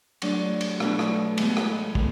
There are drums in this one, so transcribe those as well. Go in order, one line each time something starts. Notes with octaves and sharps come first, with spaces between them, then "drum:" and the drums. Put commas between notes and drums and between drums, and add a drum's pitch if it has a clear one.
F#3 A3 D4, drum: cymbal
drum: cymbal
B2 F#3 A3 D4, drum: rim click
drum: rim click
A2 E3 G#3 B3, drum: cymbal
drum: rim click
drum: kick